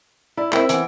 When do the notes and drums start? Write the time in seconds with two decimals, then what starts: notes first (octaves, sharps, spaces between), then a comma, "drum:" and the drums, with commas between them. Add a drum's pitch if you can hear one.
0.37 E4 D5
0.53 C4 E4 A#4 E5 G5, drum: clap
0.69 E3 B3, drum: hi-hat